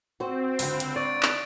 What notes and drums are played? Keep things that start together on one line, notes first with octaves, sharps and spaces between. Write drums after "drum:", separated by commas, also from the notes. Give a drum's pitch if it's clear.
C4 F#4 C5
C#2 D3, drum: open hi-hat
drum: hi-hat
D5 C#6 A6 D7
drum: clap